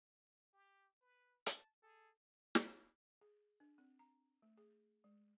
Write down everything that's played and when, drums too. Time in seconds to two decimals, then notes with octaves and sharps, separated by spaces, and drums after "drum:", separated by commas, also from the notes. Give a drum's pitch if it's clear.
0.54 G4
1.02 B4
1.46 A5, drum: hi-hat
1.83 G#4 A4
2.55 drum: snare
3.21 G#4
3.60 D4
3.78 C4
3.99 A#5
4.42 A3
4.57 G#4
5.04 G#3